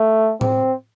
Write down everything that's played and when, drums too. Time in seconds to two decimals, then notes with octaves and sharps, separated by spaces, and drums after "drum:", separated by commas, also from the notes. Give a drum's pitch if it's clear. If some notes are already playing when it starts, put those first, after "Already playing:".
Already playing: A3
0.41 C4, drum: tom A2